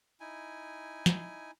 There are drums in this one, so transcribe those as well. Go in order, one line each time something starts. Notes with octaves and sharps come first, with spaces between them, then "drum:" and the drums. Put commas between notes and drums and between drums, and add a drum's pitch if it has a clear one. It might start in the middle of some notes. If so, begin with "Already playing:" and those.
D#4 E4 G#5
drum: snare